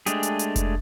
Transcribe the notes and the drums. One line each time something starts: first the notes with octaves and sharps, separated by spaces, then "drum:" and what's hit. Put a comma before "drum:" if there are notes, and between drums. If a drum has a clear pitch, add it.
G#3 A3 D4 G4 G#4, drum: hi-hat
drum: hi-hat
drum: hi-hat
drum: kick F1, hi-hat